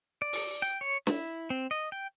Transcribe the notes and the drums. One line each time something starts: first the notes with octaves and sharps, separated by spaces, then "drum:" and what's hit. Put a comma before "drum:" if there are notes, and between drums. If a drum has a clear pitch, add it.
D5
drum: open hi-hat
G5
C#5
E4, drum: snare
C4
D#5
G5